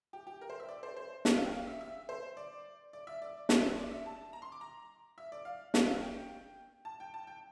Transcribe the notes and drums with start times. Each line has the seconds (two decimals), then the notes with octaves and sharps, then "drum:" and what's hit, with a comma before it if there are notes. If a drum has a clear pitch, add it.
0.13 G4
0.27 G4
0.41 A#4
0.50 C5
0.60 E5
0.69 D5
0.83 C5
0.97 C5
1.25 drum: snare
1.35 F5
1.44 G5
1.53 F5
1.67 E5
1.81 E5
2.09 C5
2.37 D5
2.93 D5
3.07 E5
3.22 D5
3.49 C5, drum: snare
3.77 D5
3.91 E5
4.06 A5
4.33 A#5
4.42 C6
4.52 D6
4.61 A#5
5.18 E5
5.32 D5
5.45 F5
5.74 F5, drum: snare
5.87 F5
6.02 G5
6.85 A5
7.00 G5
7.14 A5
7.27 G5